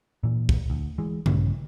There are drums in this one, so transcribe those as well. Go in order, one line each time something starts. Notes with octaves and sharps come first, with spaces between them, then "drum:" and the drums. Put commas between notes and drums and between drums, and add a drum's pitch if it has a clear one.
A#2 E3
drum: kick
D2
E3 G#3
A#1 G2 C#4, drum: tom C#3